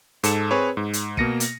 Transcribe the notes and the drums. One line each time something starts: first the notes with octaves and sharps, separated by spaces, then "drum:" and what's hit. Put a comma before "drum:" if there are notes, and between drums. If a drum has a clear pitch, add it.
G#2 A4 C#7 E7, drum: hi-hat
C4 G#4 B4 C#5
G#2
drum: hi-hat
B2 A#3 A#6 C#7 D#7, drum: kick
drum: hi-hat